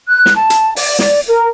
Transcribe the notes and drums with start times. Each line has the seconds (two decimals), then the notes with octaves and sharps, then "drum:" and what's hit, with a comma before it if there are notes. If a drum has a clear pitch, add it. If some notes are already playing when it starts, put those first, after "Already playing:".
0.09 F#6
0.26 drum: snare
0.36 A5
0.50 drum: hi-hat
0.76 D5, drum: open hi-hat
0.99 D5, drum: snare
1.28 A#4